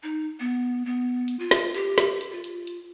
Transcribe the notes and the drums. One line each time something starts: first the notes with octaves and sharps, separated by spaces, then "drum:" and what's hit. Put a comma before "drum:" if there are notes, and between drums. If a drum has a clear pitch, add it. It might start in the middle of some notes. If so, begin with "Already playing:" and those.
D#4
B3
B3
drum: hi-hat
F4
drum: snare
G4, drum: hi-hat
drum: snare
drum: hi-hat
F4
drum: hi-hat
drum: hi-hat